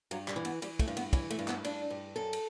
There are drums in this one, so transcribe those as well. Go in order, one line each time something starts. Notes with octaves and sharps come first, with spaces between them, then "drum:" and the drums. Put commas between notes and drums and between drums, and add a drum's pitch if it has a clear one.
G2 F#3, drum: cymbal
G3, drum: clap
E3
B3, drum: cymbal
E3 G3, drum: cymbal
A3, drum: kick, cymbal
G2
B3, drum: cymbal
E3 C#4, drum: kick, cymbal
A3, drum: cymbal
G2
B3, drum: clap
G2 D4, drum: cymbal
G2
F#2 A4
drum: cymbal